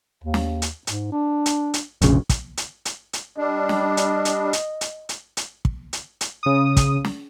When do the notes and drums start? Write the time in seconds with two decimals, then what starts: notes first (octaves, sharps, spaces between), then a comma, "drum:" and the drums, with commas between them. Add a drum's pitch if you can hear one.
0.23 D#2
0.34 drum: snare
0.62 drum: hi-hat
0.87 G#2, drum: hi-hat
1.12 D4
1.46 drum: hi-hat
1.74 drum: hi-hat
2.02 F1 A#1 C#3, drum: hi-hat
2.29 drum: kick, hi-hat
2.57 drum: hi-hat
2.85 drum: hi-hat
3.13 drum: hi-hat
3.38 G3 D4 D#5
3.69 drum: snare
3.97 drum: hi-hat
4.25 drum: hi-hat
4.53 drum: hi-hat
4.81 drum: hi-hat
5.09 drum: hi-hat
5.37 drum: hi-hat
5.65 drum: kick
5.93 drum: hi-hat
6.21 drum: hi-hat
6.43 C#3 D#6
6.77 drum: kick, hi-hat
7.05 drum: snare